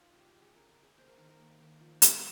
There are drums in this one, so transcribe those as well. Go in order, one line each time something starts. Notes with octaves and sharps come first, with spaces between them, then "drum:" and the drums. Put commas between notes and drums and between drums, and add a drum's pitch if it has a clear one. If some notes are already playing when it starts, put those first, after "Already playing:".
Already playing: D#4 F4
C#3 G4
G4
G#3
G#4
C#3 A#4
A#4
C#3
G#4
A#3 C5
A#4
D#3 A#4
A#4
A#3
D#3
F3
F3, drum: hi-hat
A#4